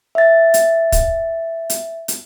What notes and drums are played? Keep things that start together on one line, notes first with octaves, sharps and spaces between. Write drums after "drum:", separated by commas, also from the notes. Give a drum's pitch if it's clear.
E5 A6
drum: hi-hat
drum: kick, hi-hat
drum: hi-hat
drum: hi-hat